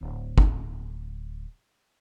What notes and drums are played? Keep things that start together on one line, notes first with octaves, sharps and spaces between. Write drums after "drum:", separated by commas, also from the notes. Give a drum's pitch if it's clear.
D1 C4
drum: kick G1